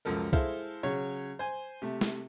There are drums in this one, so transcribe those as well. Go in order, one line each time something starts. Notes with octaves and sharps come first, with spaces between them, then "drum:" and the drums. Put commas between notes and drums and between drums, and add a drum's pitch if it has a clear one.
C#2 F#2 F3 A4 A#4
G#3 E4 A4 C5 F5, drum: kick
C#3 F#3 C#5
C5 G#5
C3 A3
drum: snare